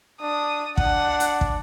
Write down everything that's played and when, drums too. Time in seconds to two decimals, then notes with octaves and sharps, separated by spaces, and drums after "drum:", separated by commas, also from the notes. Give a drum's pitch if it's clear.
0.21 D4 D#6
0.77 D4 F#5, drum: kick
1.20 drum: hi-hat
1.41 drum: kick